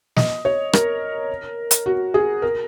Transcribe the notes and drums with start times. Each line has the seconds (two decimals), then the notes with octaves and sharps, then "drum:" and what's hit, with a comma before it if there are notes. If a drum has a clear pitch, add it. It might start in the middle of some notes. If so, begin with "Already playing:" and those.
0.16 D#5, drum: snare
0.45 C#5
0.73 A#4, drum: rim click
1.71 drum: hi-hat
1.86 F#4
2.14 G#4
2.42 A#4